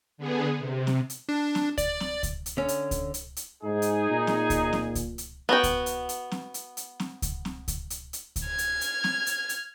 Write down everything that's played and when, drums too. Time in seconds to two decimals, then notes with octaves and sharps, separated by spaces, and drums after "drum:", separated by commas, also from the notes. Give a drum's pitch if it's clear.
0.18 D3 B3 G#4
0.59 C3
0.87 drum: snare C4
1.10 drum: hi-hat
1.29 D4
1.55 drum: snare C4
1.78 D5, drum: kick C#2, hi-hat
2.00 drum: snare C4
2.23 drum: kick C#2, hi-hat
2.46 drum: hi-hat
2.57 D3 C#4
2.68 drum: hi-hat
2.91 drum: kick C#2, hi-hat
3.14 drum: hi-hat
3.36 drum: hi-hat
3.64 G#2 D#4 G#4
3.82 drum: hi-hat
4.10 A#2
4.27 drum: snare C4
4.50 drum: kick C#2, hi-hat
4.73 drum: snare C4
4.95 drum: kick C#2, hi-hat
5.18 drum: hi-hat
5.49 B3 F#4 G5
5.63 drum: kick C#2, hi-hat
5.86 drum: hi-hat
6.09 drum: hi-hat
6.31 drum: snare C4
6.54 drum: hi-hat
6.77 drum: hi-hat
7.00 drum: snare C4
7.22 drum: kick C#2, hi-hat
7.45 drum: snare C4
7.68 drum: kick C#2, hi-hat
7.90 drum: hi-hat
8.13 drum: hi-hat
8.36 drum: kick C#2, hi-hat
8.46 F6 G#6
8.58 drum: hi-hat
8.81 drum: hi-hat
9.04 drum: snare C4
9.26 drum: hi-hat
9.49 drum: hi-hat